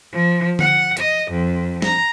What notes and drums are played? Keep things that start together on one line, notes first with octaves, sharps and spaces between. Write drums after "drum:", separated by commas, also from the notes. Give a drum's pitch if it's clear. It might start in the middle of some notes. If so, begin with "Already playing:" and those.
F3
F#5, drum: tom D3
D#5, drum: hi-hat
F2
A#5, drum: snare